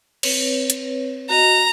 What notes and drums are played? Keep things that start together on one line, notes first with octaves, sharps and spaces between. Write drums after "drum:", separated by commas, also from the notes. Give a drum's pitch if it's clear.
C4 B4 C#5, drum: cymbal
drum: hi-hat
F#4 D#5 A#5